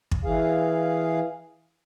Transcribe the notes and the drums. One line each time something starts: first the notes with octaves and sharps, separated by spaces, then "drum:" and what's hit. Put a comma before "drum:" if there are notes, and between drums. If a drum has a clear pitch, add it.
drum: kick
E3 G#4 F5